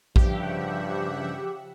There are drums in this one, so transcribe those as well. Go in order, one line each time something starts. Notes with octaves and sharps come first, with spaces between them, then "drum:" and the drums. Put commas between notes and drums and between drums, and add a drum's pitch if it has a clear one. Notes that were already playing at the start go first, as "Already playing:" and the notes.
G2 C#3 F3 G4 E5 F#5, drum: kick A#1